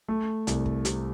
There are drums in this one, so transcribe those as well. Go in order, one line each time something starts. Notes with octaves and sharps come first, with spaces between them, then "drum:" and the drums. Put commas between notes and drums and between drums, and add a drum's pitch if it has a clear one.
A3
C2, drum: hi-hat
drum: kick
C3, drum: hi-hat